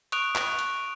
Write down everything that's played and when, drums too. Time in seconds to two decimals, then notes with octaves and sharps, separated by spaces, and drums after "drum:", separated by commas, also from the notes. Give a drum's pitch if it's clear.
0.12 C#6 D#6 F#6 D7 F7, drum: hi-hat
0.35 drum: clap
0.59 drum: hi-hat